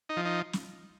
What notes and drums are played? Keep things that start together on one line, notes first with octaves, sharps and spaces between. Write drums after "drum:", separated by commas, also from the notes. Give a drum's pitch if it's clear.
D#4
F3
D#4
drum: snare